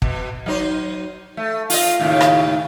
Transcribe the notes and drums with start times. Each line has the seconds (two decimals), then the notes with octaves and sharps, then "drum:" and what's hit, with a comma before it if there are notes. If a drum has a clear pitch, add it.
0.02 B2, drum: kick
0.46 F#3 D#4 C5
1.37 A3
1.70 F4 D#5, drum: open hi-hat
1.99 D#2 A2 C#3
2.21 drum: rim click